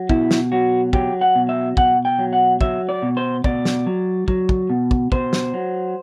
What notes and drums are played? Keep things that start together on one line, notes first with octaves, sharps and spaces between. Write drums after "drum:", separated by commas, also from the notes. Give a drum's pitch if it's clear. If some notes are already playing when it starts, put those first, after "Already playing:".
Already playing: F#3
B2 E4, drum: kick
drum: snare
F#3 F#4
F#3 G4, drum: kick
F#5
B2
E5
B2 F#5, drum: kick
G5
F#3
F#5
F#3 E5, drum: kick
D5
B2
C5
B2 D5, drum: kick
drum: snare
F#3
F#3, drum: kick
drum: kick
B2
drum: kick
B2 C5, drum: kick
drum: snare
F#3